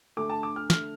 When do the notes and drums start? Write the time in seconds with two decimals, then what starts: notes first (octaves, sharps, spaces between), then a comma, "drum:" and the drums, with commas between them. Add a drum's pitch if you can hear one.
0.17 D2 D3 A3 D6
0.30 A5
0.43 D6
0.56 F6
0.70 D3 A3 F6, drum: snare